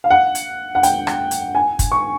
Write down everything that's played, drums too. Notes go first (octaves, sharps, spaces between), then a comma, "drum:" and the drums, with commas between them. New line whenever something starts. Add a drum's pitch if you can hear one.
F5
F#5
drum: hi-hat
F#5
G5, drum: hi-hat
drum: rim click
drum: hi-hat
G#5
drum: kick, hi-hat
C#6